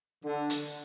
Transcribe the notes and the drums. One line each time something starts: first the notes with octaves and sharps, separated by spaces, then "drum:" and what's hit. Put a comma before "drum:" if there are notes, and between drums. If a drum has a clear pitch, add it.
D3
drum: hi-hat